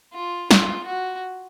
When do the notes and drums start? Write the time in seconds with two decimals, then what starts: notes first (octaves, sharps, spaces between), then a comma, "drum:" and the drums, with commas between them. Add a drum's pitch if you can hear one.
0.14 F4
0.51 F4, drum: snare
0.86 F#4